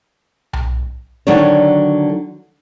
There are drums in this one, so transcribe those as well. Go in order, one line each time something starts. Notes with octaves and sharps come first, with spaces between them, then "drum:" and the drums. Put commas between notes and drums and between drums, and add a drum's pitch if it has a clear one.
drum: tom B1
D3 D#3 F#3 D4 F#4 C#5